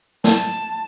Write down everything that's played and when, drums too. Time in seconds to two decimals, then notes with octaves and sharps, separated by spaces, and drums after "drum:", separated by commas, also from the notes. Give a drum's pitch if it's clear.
0.24 A5, drum: snare